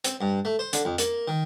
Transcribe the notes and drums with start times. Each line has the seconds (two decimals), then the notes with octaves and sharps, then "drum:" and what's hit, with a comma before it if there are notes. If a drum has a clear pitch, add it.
0.04 C4, drum: hi-hat
0.21 G2
0.45 A3
0.59 C5
0.73 D3, drum: hi-hat
0.85 F2
0.98 A#3, drum: hi-hat
1.28 D#3